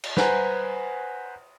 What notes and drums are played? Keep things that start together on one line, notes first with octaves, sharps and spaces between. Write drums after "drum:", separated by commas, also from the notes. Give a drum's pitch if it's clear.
drum: cymbal
B4 C5 F#5 G#5 A#5, drum: snare